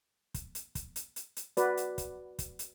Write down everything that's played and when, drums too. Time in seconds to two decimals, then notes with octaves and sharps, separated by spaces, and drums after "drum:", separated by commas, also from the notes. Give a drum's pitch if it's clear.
0.34 drum: kick, hi-hat
0.55 drum: hi-hat
0.75 drum: kick, hi-hat
0.96 drum: hi-hat
1.16 drum: hi-hat
1.36 drum: hi-hat
1.57 F#4 B4 D5, drum: hi-hat
1.77 drum: hi-hat
1.98 drum: kick, hi-hat
2.39 drum: kick, hi-hat
2.59 drum: hi-hat